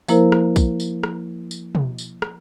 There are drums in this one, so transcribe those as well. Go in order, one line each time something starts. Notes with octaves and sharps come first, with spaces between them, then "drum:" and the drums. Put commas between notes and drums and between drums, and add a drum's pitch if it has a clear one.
F3 A#3 E4 A#4 C5, drum: tambourine
drum: rim click
drum: kick, tambourine
drum: tambourine
drum: rim click
drum: tambourine
drum: tom
drum: tambourine
drum: rim click